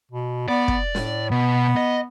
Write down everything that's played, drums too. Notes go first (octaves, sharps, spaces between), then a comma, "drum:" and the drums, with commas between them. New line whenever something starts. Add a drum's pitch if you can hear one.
B2
B3 D5
drum: kick
A2, drum: snare
B2 B3
D#5